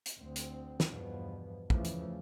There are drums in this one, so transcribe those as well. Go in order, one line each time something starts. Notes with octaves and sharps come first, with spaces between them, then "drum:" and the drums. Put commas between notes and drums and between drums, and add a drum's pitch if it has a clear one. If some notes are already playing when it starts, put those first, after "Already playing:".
drum: hi-hat
D2 C4
drum: hi-hat
drum: snare
E2 G2 B2 F3 B3
E2 C#3 E3 F3 A3, drum: kick
drum: hi-hat